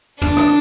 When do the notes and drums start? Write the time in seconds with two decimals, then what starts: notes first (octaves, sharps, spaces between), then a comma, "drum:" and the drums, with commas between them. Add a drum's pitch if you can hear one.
0.22 D4, drum: tom
0.37 drum: rim click